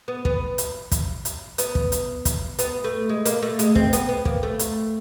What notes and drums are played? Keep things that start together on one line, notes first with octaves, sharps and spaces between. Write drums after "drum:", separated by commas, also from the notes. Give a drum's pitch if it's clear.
B3
B3, drum: kick
drum: hi-hat
drum: kick, hi-hat
drum: hi-hat
B3, drum: hi-hat
drum: kick
drum: hi-hat
drum: kick, hi-hat
B3, drum: hi-hat
A3
G#3
A#3, drum: hi-hat
A3
G#3, drum: hi-hat
C4, drum: kick
B3, drum: hi-hat
B3
A#3, drum: kick
A3
drum: hi-hat